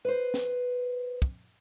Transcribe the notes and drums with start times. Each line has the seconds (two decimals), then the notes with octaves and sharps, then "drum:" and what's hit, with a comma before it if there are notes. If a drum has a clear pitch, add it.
0.05 B4 C5
0.34 drum: snare
1.22 drum: kick